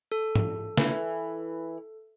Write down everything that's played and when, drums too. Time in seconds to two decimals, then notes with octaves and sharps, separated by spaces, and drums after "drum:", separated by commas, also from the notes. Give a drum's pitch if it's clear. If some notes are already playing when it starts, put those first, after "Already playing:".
0.12 A4
0.35 drum: tom G#2
0.77 E3, drum: snare